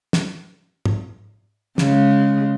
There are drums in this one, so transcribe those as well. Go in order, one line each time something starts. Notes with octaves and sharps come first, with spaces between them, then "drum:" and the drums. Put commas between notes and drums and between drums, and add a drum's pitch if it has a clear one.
drum: snare
drum: tom
C#3 G#3, drum: snare